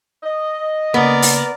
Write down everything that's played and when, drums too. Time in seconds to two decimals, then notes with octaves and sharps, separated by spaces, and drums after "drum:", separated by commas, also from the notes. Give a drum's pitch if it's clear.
0.24 D#5
0.94 C#3 A#3 B3 A#4 D5
1.22 drum: open hi-hat